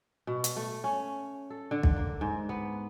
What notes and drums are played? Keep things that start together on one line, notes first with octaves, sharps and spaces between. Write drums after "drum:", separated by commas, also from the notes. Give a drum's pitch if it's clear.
B2
drum: hi-hat
A3
C#4
A4
D3
drum: kick
A#3
G#2
B3